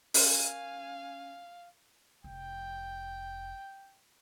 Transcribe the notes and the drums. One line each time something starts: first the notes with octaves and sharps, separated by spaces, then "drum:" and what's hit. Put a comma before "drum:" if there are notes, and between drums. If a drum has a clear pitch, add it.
C#4 A#4 F5 G#5, drum: open hi-hat
F1 G5